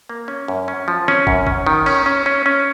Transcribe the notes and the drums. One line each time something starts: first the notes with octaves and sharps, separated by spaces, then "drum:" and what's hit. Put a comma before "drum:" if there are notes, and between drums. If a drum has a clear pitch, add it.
A#3
C#4
F#2
C#4
F3
C#4, drum: snare
F#2, drum: kick
C#4, drum: kick
D#3
C#4, drum: cymbal
C#4
C#4
C#4